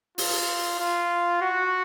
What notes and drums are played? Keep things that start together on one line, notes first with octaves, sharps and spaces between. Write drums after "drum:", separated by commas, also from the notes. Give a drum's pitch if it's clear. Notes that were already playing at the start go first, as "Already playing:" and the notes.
F4, drum: open hi-hat
F4
F#4